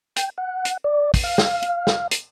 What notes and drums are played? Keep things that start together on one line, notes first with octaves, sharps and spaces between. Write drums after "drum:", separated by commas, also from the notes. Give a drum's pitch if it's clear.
G5, drum: hi-hat
F#5
drum: hi-hat
D5
drum: kick, open hi-hat
F5
drum: snare
drum: hi-hat
drum: snare
drum: hi-hat